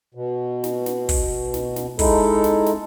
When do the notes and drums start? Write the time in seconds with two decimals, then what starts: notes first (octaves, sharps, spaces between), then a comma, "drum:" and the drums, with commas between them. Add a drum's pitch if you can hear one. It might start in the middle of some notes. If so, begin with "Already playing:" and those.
0.15 B2
0.64 drum: snare
0.86 drum: snare
1.09 drum: kick, open hi-hat
1.54 drum: snare
1.76 drum: snare
1.99 G#3 D#4 E4 A4, drum: kick, open hi-hat
2.44 drum: snare
2.66 drum: snare